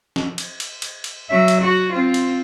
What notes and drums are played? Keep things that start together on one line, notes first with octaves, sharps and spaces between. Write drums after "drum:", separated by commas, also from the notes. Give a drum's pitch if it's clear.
drum: snare
drum: cymbal
drum: cymbal
drum: cymbal
drum: cymbal
F#3 E5
drum: cymbal
F#4
C4 F4
drum: cymbal